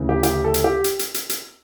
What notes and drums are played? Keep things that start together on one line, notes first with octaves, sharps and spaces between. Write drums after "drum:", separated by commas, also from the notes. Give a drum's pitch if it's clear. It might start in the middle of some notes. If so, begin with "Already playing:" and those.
Already playing: D2 C#3 E3
G4
G4, drum: hi-hat
A4
drum: hi-hat
G4
drum: hi-hat
drum: hi-hat
drum: hi-hat
drum: hi-hat